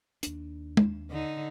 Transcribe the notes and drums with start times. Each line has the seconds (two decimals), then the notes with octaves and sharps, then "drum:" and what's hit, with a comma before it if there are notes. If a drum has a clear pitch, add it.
0.23 D#2 D4, drum: hi-hat
0.77 drum: tom
1.11 D3 D#4